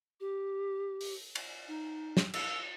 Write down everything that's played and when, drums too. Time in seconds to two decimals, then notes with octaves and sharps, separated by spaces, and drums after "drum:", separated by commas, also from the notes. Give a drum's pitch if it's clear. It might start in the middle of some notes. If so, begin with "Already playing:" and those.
0.20 G4
1.01 drum: open hi-hat
1.35 drum: cymbal
1.68 D#4
2.17 drum: snare
2.33 E6, drum: cymbal